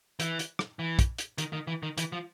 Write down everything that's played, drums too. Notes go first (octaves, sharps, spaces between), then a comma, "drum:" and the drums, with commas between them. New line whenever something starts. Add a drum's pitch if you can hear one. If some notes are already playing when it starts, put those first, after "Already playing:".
E3, drum: hi-hat
drum: hi-hat
drum: rim click
E3
drum: kick, hi-hat
drum: hi-hat
D#3, drum: hi-hat
D#3
E3
D#3
E3, drum: hi-hat
F3